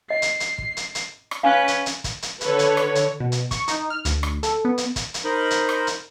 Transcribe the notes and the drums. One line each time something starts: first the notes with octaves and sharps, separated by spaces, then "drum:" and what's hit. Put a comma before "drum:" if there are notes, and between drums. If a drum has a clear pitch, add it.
D#5 C7
drum: hi-hat
drum: hi-hat
drum: kick
drum: hi-hat
drum: hi-hat
drum: rim click
C#4 B4 F5 F#5 G#5
drum: hi-hat
drum: hi-hat
drum: kick, hi-hat
drum: hi-hat
D3 A4 B4 C#5, drum: hi-hat
drum: hi-hat
drum: rim click
drum: hi-hat
B2
drum: hi-hat
C#6, drum: kick, hi-hat
D#4, drum: hi-hat
F6
D2, drum: hi-hat
drum: rim click
A4, drum: hi-hat
B3
drum: hi-hat
drum: kick, hi-hat
drum: hi-hat
D#4 A#4 C5 D#5 B5
drum: hi-hat
drum: rim click
drum: hi-hat